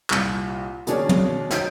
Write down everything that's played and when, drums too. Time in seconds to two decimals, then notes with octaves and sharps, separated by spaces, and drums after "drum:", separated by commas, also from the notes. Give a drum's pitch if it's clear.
0.10 C2 A#2 G3, drum: clap
0.87 B2 D#3 A#3 C#4 D4 G#4, drum: hi-hat
1.09 drum: tom
1.51 F#3 D#4 G6 D7, drum: snare